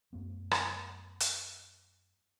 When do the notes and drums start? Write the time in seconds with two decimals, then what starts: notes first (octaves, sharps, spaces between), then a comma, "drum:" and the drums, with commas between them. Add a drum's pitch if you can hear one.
0.13 F#2 A3 B3
0.51 drum: rim click
1.20 drum: hi-hat